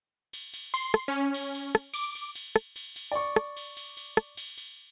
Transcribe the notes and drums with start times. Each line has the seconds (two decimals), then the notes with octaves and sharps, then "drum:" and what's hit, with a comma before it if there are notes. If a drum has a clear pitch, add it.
0.33 drum: cymbal
0.54 drum: cymbal
0.74 C6, drum: cymbal
0.94 drum: rim click
1.08 C#4
1.34 drum: cymbal
1.55 drum: cymbal
1.75 drum: rim click
1.94 D6, drum: cymbal
2.15 drum: cymbal
2.35 drum: cymbal
2.56 drum: rim click
2.76 drum: cymbal
2.96 drum: cymbal
3.12 D5 C#6
3.36 drum: rim click
3.57 drum: cymbal
3.77 drum: cymbal
3.97 drum: cymbal
4.17 drum: rim click
4.37 drum: cymbal
4.58 drum: cymbal